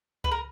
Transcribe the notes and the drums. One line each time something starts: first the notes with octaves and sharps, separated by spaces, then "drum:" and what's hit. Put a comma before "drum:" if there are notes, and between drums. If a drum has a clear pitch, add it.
B4, drum: kick C#2
A#4